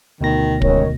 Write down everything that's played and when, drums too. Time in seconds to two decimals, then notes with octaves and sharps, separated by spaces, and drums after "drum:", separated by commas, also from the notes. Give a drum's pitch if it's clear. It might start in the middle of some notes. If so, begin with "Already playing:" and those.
0.21 D2 B2 D#3 A#6
0.62 C#2 D#3 C#5, drum: kick